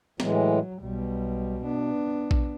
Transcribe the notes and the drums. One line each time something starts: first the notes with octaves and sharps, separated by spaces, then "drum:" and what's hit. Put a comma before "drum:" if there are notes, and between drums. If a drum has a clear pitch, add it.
A2 E3 F#3 G#3, drum: snare
B1 B2 G3
B3 D4
drum: kick A#1